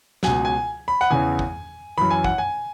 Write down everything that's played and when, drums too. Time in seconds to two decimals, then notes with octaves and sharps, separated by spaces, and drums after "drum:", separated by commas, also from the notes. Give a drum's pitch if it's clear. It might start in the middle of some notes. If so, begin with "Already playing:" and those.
0.23 C#2 B2 G#5, drum: snare
0.45 G#5
0.88 B5
1.01 F#5
1.10 E2 C#3 E3 G#5
1.39 drum: kick
1.97 F#2 E3 B5
2.10 G#5
2.24 F#5, drum: kick
2.38 G#5